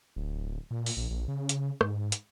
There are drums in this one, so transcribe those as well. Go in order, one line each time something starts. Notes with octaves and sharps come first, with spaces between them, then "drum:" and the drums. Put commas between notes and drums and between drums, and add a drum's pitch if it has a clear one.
D1
A#2
drum: open hi-hat
A#1
A#1
C#3
drum: hi-hat
G#2, drum: rim click
drum: hi-hat